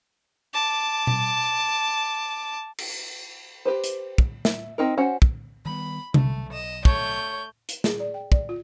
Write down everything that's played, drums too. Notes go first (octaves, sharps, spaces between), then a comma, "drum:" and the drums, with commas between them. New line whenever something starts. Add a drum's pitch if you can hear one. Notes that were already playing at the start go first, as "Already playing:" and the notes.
A5 D6
drum: tom B2
drum: cymbal
G4 B4 C5
drum: hi-hat
drum: kick
E5, drum: snare
C4 D#4 A#4
C#4 F#4 C5 F#5
drum: kick
D#3 G3 B3 B5
B1 A3, drum: tom C3
D#5 E7
A3 C#5 G6, drum: kick
drum: hi-hat
G#4, drum: snare
D5
G5
D5, drum: kick
F4